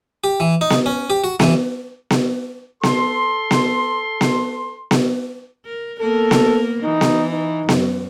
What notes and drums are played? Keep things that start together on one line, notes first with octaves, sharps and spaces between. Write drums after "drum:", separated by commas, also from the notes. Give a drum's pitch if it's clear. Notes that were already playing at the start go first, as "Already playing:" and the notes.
G4
E3
D#4
drum: snare B3
C#4
G4
F#4
E3, drum: snare B3
drum: snare B3
A4 C6, drum: snare B3
drum: snare B3
drum: snare B3
drum: snare B3
A#4
A#3 B3 A4 A#4
drum: snare B3
E3 D#4
drum: snare B3
D#4
F#2, drum: snare B3